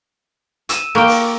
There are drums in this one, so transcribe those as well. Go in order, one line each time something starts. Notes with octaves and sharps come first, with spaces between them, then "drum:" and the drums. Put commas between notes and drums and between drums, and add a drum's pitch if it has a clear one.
E6 D#7, drum: hi-hat
A#3 G5 C#6 D6
drum: open hi-hat